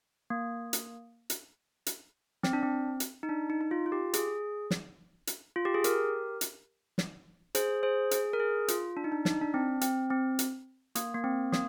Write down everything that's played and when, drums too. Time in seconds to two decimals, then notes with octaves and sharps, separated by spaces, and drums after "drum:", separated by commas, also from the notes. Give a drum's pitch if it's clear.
0.30 A#3
0.73 drum: hi-hat
1.30 drum: hi-hat
1.86 drum: hi-hat
2.43 C4, drum: snare
2.53 D4
2.63 C4
3.00 drum: hi-hat
3.23 D#4
3.29 D4
3.50 D#4
3.61 D#4
3.71 F4
3.86 F4
3.92 G4
4.14 G#4, drum: hi-hat
4.71 drum: snare
5.27 drum: hi-hat
5.56 F4
5.65 G4
5.74 G#4
5.84 G4 A#4, drum: hi-hat
6.41 drum: hi-hat
6.98 drum: snare
7.55 G#4 C5, drum: hi-hat
7.83 G#4 C5
8.11 G#4, drum: hi-hat
8.33 A#4
8.40 G#4
8.68 F4, drum: hi-hat
8.97 D4
9.04 D#4
9.12 D4
9.25 D#4, drum: snare
9.41 D4
9.54 C4
9.81 C4, drum: hi-hat
10.10 C4
10.39 drum: hi-hat
10.95 A#3, drum: hi-hat
11.15 A#3
11.24 C4
11.53 A#3, drum: snare